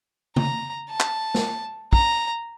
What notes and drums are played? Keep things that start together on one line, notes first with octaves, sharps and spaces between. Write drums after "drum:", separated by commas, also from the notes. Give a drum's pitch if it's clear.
A#5, drum: tom C#3
A5
drum: clap
drum: snare
A#5, drum: kick